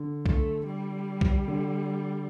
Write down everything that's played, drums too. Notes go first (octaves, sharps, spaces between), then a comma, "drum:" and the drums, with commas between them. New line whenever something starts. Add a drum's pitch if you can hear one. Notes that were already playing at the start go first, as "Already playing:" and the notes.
Already playing: D3
A3, drum: kick B1
G3
drum: kick B1
D3